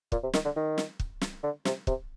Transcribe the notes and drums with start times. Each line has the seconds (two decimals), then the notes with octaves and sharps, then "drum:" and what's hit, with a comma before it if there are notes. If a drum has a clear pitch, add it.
0.12 A#2, drum: kick
0.23 C3
0.33 D#3, drum: snare
0.45 D3
0.56 D#3
0.78 drum: snare
1.00 drum: kick
1.21 drum: snare
1.43 D3
1.65 C3, drum: snare
1.87 C3, drum: kick